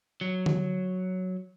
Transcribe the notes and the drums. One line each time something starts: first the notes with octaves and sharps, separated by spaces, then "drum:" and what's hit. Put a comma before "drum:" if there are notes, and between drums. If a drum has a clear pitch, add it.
F#3
drum: tom D3